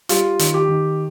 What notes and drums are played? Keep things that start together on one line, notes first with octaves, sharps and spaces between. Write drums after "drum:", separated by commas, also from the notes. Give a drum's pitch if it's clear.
G3 F4, drum: hi-hat
D#3, drum: hi-hat
G4
D#3